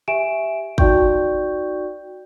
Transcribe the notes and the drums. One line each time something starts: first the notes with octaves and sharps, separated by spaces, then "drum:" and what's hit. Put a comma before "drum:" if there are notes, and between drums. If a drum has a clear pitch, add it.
G4 E5 G#5 D7 E7
D#4 F#4 D5 G5 C#6 G6, drum: kick